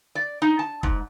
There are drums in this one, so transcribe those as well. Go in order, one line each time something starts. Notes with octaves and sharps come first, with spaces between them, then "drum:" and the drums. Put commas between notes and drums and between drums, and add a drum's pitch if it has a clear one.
D5
D#4
A5
G#2, drum: kick